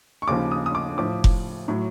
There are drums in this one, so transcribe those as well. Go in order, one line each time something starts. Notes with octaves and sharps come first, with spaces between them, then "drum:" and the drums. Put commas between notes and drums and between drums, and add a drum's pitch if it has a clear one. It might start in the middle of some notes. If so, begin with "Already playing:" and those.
C#6
D#2 C#3 F3 D6
D#6
D#6
D6
A2 F3 D6
drum: kick F1
A2 F#3